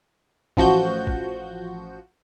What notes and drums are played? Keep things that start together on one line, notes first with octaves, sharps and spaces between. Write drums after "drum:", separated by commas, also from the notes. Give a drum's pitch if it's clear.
A1 F3 F#4 G6, drum: kick
drum: kick